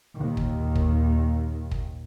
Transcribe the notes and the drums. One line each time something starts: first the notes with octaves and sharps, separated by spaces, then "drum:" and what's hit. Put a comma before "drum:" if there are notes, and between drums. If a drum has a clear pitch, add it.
D#2 A#2 D#3
drum: kick
drum: kick
drum: kick